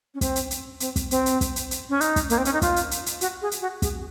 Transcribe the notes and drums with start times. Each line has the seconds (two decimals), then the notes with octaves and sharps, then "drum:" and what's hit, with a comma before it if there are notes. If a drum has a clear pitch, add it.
0.15 C#4
0.21 C4, drum: kick, hi-hat
0.36 drum: hi-hat
0.51 drum: hi-hat
0.80 C4, drum: hi-hat
0.96 drum: kick, hi-hat
1.11 C4, drum: hi-hat
1.26 drum: hi-hat
1.41 drum: kick, hi-hat
1.56 drum: hi-hat
1.71 drum: hi-hat
1.89 C#4
2.01 D#4, drum: hi-hat
2.16 drum: kick, hi-hat
2.30 A#3, drum: hi-hat
2.38 C4
2.45 C#4, drum: hi-hat
2.53 D#4
2.62 F4, drum: kick, hi-hat
2.76 drum: hi-hat
2.91 drum: hi-hat
3.06 drum: hi-hat
3.21 F#4, drum: hi-hat
3.42 G#4
3.51 drum: hi-hat
3.61 F#4
3.82 G#4, drum: kick, hi-hat